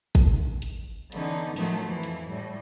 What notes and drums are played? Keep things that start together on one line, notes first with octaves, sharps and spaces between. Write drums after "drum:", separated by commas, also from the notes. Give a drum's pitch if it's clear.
drum: kick, hi-hat
drum: hi-hat
D3 E3 B3 C#4 D#4, drum: hi-hat
A2 D#3 F3 F#3 A3, drum: open hi-hat
F2 E3
drum: hi-hat
A2 G3